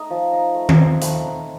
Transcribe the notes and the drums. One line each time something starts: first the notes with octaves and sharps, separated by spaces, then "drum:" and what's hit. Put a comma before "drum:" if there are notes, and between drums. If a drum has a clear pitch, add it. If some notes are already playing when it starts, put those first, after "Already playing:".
Already playing: A3 D#4 D#6
F3
D#4
A3
drum: tom D#3
C4
A3, drum: hi-hat
D#4